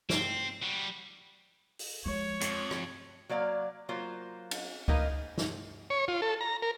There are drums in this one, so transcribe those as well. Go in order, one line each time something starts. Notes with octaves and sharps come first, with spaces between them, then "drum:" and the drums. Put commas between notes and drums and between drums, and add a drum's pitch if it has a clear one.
C4, drum: snare
G3 F#4
drum: open hi-hat
F3 G#3 C#5
F2, drum: hi-hat
drum: rim click
F#3 A#3 D5 F5
F#3 A#3 F4 C5
drum: cymbal
A#3 D#4 A#4 B4 F5, drum: kick C#2
drum: snare
C#5
F4
A4
A#5
A#4